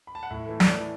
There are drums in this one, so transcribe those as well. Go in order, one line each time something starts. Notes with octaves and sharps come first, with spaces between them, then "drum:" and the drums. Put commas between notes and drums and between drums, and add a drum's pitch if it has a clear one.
B5
A5
F#5
A2 E5
E3 A3
A2 D5, drum: snare
E3 A3